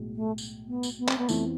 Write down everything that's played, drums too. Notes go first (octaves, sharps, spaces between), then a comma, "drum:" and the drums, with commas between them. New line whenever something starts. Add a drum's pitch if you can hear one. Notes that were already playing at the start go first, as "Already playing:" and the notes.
Already playing: B1 A2 G#3
A3
drum: tambourine
B3
drum: tambourine
B3
C4, drum: clap
B3
F2 E3 A3 B3 E4, drum: tambourine